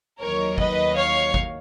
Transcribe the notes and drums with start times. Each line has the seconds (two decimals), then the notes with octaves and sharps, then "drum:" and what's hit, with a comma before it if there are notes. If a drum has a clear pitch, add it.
0.20 D#2 D#3 F#3 A#4 C#5
0.58 B4 D#5, drum: kick G1
0.96 C#5 F5
1.34 drum: kick G1